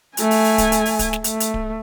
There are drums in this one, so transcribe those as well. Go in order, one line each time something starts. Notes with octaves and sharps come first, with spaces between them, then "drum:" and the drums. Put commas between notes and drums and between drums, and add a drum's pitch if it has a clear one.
A3 G#5, drum: hi-hat
drum: open hi-hat
drum: open hi-hat
drum: kick D1, hi-hat
drum: hi-hat
drum: open hi-hat
drum: kick D1, hi-hat
drum: snare
A3, drum: hi-hat
drum: hi-hat
drum: kick D1